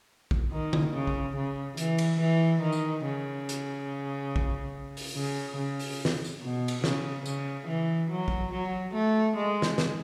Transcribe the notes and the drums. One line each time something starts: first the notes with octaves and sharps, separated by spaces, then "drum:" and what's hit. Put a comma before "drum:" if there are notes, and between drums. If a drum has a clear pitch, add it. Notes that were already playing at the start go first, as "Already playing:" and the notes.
drum: kick A#1
D#3
drum: tom D3
C#3
drum: kick A#1
C#3
E3, drum: hi-hat
drum: cymbal
E3
D#3
drum: tambourine
C#3
drum: hi-hat
drum: kick A#1
drum: open hi-hat
C#3
C#3
drum: open hi-hat
drum: snare
drum: tambourine
B2
drum: cymbal
C#3, drum: snare
C#3, drum: tambourine
E3
F#3
drum: kick A#1
F#3
A3
G#3
drum: snare
drum: snare